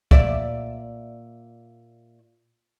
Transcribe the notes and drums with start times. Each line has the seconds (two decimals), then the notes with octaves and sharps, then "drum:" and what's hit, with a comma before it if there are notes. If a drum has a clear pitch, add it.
0.11 A#2 D5 E5, drum: kick C2